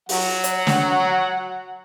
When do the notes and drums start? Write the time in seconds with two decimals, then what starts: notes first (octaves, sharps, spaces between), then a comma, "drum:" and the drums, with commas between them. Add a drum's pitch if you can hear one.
0.09 F#3 F#5, drum: open hi-hat
0.44 drum: hi-hat
0.67 drum: snare